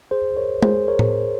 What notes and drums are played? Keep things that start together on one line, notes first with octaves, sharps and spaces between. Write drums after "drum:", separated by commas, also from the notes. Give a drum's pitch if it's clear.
G#4 C5
A#4 C#5
G#4 C5, drum: tom G#3
A#4 C#5
drum: tom A2